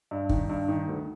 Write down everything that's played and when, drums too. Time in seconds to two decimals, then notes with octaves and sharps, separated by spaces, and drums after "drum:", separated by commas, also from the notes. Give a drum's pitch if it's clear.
0.11 G2
0.29 D#3, drum: kick
0.49 G2
0.68 D#3
0.87 D2